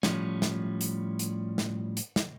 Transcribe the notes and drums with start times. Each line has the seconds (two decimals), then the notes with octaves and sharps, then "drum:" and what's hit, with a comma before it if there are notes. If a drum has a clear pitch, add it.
0.03 A2 F3 G3 C#4, drum: snare
0.42 drum: snare
0.81 drum: hi-hat
1.19 drum: hi-hat
1.58 drum: snare
1.97 drum: hi-hat
2.16 drum: snare